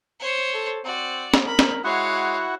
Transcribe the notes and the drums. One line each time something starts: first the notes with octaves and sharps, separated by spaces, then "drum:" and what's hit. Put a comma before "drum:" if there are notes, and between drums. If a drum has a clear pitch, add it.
C5 C#5
A4
C4 F#4 D5
drum: snare
A#4 B5
drum: snare
G#3 E4 F#4 C#5 F5 F#5